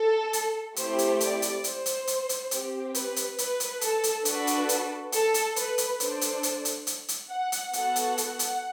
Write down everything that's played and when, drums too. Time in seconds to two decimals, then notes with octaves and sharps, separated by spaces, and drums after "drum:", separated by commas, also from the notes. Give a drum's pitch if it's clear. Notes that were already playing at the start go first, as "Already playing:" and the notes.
Already playing: A4
0.33 drum: hi-hat
0.76 A3 C4 E4 G4 C5, drum: hi-hat
0.99 drum: hi-hat
1.20 D5, drum: hi-hat
1.42 drum: hi-hat
1.64 C5, drum: hi-hat
1.86 drum: hi-hat
2.07 drum: hi-hat
2.29 drum: hi-hat
2.51 C4 G4, drum: hi-hat
2.95 B4, drum: hi-hat
3.16 drum: hi-hat
3.38 B4, drum: hi-hat
3.60 drum: hi-hat
3.81 A4, drum: hi-hat
4.04 drum: hi-hat
4.25 D4 F#4 A4 B4, drum: hi-hat
4.47 drum: hi-hat
4.69 drum: hi-hat
5.12 A4, drum: hi-hat
5.34 drum: hi-hat
5.56 B4, drum: hi-hat
5.78 drum: hi-hat
6.00 D4 A4 C5, drum: hi-hat
6.21 drum: hi-hat
6.43 drum: hi-hat
6.65 drum: hi-hat
6.87 drum: hi-hat
7.08 drum: hi-hat
7.31 F#5
7.52 drum: hi-hat
7.73 B3 F#4 A4 F#5, drum: hi-hat
7.96 drum: hi-hat
8.18 F#5, drum: hi-hat
8.39 drum: hi-hat